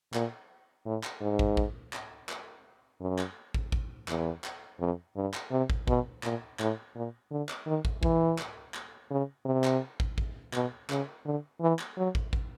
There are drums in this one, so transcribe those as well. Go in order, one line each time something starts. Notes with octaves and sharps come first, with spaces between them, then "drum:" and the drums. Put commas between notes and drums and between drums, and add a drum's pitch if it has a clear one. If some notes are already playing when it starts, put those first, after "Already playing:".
A#2, drum: clap
A2
drum: clap
G#2
drum: kick
drum: kick
drum: clap
drum: clap
F#2
drum: clap
drum: kick
drum: kick
E2, drum: clap
drum: clap
F2
G2
drum: clap
C3
drum: kick
B2, drum: kick
A#2, drum: clap
A2, drum: clap
A#2
D3
drum: clap
D#3
drum: kick
E3, drum: kick
drum: clap
drum: clap
C#3
C3
drum: clap
drum: kick
drum: kick
B2, drum: clap
C#3, drum: clap
D3
E3
drum: clap
F#3
drum: kick
drum: kick